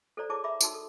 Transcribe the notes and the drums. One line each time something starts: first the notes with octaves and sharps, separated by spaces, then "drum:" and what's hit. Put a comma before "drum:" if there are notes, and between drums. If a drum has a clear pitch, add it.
A4 C5 D5 A#5
E4 G#4 C#5 A5 A#5 D6
A#4 E5 B5 D6
D#4 F#4 A#4 A5 C6 E6, drum: tambourine
A4